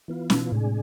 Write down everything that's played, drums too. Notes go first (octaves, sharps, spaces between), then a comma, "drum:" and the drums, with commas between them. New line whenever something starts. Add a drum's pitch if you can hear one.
E3 B3 F4
B2, drum: snare
B2
A2 C3 G#3 D4 G#4